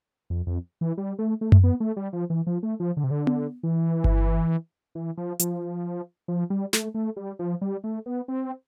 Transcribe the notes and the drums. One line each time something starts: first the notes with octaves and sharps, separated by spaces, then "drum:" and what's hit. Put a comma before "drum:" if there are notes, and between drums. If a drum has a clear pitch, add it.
F2
F2
E3
G3
A3
A3
drum: tom F#2
B3
A3
G3
F3
E3
F3
A3
F3
D3
C3
D3
drum: tom B3
E3
drum: kick G1
E3
F3
F3, drum: hi-hat
F3
G3
A3, drum: snare
A3
G3
F3
G3
A3
B3
C4